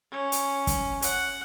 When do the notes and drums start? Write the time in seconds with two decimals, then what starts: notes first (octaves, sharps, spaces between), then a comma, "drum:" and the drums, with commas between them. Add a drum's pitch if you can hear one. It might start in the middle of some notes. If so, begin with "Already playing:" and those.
0.11 C#4
0.32 drum: hi-hat
0.67 drum: kick, hi-hat
1.02 F#5, drum: hi-hat